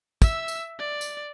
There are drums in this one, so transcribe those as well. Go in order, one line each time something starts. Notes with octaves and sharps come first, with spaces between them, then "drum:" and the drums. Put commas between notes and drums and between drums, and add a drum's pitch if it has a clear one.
E5 E6, drum: kick, tambourine
drum: tambourine
D5
drum: tambourine